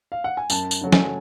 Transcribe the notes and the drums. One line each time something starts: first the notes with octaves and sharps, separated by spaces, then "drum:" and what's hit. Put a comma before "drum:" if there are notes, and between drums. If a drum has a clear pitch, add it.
F5
F#5
G#5
F#2 A5, drum: tambourine
drum: tambourine
C#3 F#3 A3
G#5, drum: snare